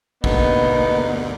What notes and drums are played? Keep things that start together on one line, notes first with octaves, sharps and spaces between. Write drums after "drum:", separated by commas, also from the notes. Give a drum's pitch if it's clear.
D2 G2 B2 D3 A#3 B3 D#4, drum: kick